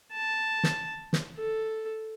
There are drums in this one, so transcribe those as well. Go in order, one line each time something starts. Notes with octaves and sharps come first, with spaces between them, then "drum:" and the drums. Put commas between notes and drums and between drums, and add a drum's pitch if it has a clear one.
A5
drum: snare
drum: snare
A4